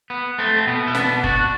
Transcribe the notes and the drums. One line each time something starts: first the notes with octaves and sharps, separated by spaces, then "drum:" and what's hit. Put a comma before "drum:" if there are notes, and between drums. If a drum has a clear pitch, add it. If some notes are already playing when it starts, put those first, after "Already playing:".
B3
A3 C4
C4
B2 B3
E4
B3 D4, drum: snare
D4 F#4, drum: kick F#1